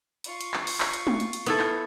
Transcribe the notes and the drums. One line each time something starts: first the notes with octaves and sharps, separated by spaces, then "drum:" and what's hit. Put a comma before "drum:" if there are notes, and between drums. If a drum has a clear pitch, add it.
F4 C#6, drum: hi-hat
drum: hi-hat
drum: clap
drum: open hi-hat
drum: clap
drum: hi-hat
drum: tom
drum: hi-hat
drum: hi-hat
B3 E4 A4, drum: hi-hat
drum: clap